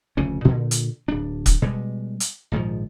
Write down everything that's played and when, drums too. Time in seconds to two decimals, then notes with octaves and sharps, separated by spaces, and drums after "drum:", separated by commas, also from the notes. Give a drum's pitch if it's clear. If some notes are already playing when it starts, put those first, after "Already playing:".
0.17 F1 D2 C#3 C#4
0.45 A#2 D3
0.71 drum: hi-hat
1.08 D1 D4
1.46 drum: kick, hi-hat
1.62 B2 G3 G#3
2.20 drum: hi-hat
2.52 A#1 G#2 D#3 F3